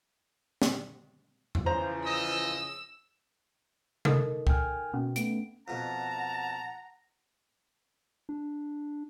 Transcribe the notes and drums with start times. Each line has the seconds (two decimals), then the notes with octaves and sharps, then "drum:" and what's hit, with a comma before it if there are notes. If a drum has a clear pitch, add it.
0.62 drum: snare
1.55 drum: tom E2
1.66 C#3 E3 F3 C5 A#5
2.06 D#5 E6
4.05 D#4 A4 A#4 D#5, drum: tom C3
4.47 G5 G#5 F6, drum: kick C#2
4.94 B2 C#4
5.16 A3 B3 D7, drum: hi-hat
5.68 F2 B2 F#5 A5 A#5
8.29 D4